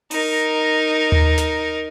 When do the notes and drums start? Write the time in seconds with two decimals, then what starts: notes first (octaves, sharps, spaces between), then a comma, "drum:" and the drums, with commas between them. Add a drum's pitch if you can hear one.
0.11 D#4 A#4, drum: open hi-hat
1.12 drum: tom D#2
1.38 drum: snare